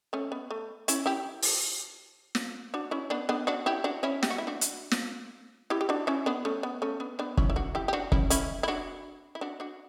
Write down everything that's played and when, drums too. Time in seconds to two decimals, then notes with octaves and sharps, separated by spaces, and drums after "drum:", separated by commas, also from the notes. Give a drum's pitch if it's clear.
0.13 A3 C#4
0.32 B3
0.51 A3
0.88 C#4 E4, drum: hi-hat
1.06 E4 G4
1.42 drum: open hi-hat
2.35 drum: snare
2.74 D4 F#4
2.91 C#4 E4
3.10 B3 D4
3.29 B3 D4
3.47 D4 F#4
3.66 E4 G4
3.84 D4 F#4
4.03 C#4 E4
4.23 G4, drum: snare
4.30 F#4
4.38 E4
4.47 D4 F#4
4.61 drum: hi-hat
4.91 drum: snare
5.70 E4 G4
5.81 G4
5.89 D4 F#4
6.07 C#4 E4
6.26 B3 D4
6.45 A3 C#4
6.63 B3
6.82 A3 C#4
7.00 B3 D4
7.19 B3 D4
7.37 C#4 E4, drum: kick
7.50 E4
7.56 D4 F#4
7.75 E4 G4
7.88 G4
7.93 D4 F#4
8.12 C#4 E4, drum: kick
8.30 C#4 E4, drum: hi-hat
8.63 E4
8.68 D4 F#4
9.35 E4
9.41 D4 F#4
9.60 D4 F#4